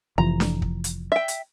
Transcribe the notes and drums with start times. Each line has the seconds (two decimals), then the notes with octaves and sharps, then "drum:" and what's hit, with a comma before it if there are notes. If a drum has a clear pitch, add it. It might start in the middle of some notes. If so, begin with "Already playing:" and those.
0.18 F1 E3 F3 A#5
0.40 drum: snare D4
0.62 drum: kick
0.84 drum: hi-hat
1.12 E5 G5
1.28 drum: hi-hat